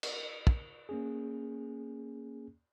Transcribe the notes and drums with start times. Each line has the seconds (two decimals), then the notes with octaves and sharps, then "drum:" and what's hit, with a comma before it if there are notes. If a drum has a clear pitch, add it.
0.03 drum: cymbal
0.47 drum: kick
0.89 A#3 C#4 G#4